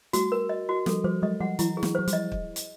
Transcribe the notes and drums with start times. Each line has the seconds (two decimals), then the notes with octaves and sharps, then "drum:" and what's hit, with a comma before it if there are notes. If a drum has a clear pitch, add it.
0.13 G3 A3 F#4, drum: hi-hat
0.32 A#4
0.49 D#5
0.69 F#4
0.86 F3 G3 A4, drum: snare
1.04 F3 G3 C5
1.22 F#3 G#3 D#5
1.40 F3 G3 F#5
1.59 E3 F#3 E4, drum: hi-hat
1.77 G#4
1.83 E3 F#3, drum: snare
1.95 F#3 C5
2.08 F3 G3, drum: hi-hat
2.13 D#5
2.32 drum: kick
2.56 drum: hi-hat